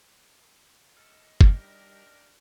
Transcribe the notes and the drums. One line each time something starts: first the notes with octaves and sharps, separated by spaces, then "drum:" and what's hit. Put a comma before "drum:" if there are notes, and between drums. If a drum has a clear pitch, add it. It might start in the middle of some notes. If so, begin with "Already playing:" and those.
A4 D#5 F6
G3 D4 D#4 G4 A#4 F6, drum: kick G1